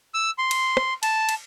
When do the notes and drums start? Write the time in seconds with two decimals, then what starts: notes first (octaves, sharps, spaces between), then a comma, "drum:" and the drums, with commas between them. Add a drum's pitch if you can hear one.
0.14 E6
0.38 C6
0.51 drum: cymbal
0.77 drum: rim click
1.03 A5, drum: cymbal
1.29 drum: cymbal